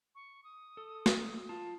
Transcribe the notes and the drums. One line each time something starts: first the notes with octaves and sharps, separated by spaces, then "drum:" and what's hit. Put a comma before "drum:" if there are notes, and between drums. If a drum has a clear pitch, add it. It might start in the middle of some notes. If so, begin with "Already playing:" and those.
C#6
D#6
A4
drum: snare
F4 A5